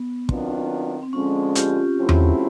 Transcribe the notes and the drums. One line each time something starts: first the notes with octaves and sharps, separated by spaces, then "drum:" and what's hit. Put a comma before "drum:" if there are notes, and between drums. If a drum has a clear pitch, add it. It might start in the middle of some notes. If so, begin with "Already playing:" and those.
Already playing: B3
D#3 F#3 B3 C4 D4 F4, drum: kick
C4
D3 F3 G#3 C#4
F4 G4, drum: hi-hat
C#3 F#3 A3 C4 E4
drum: tom E2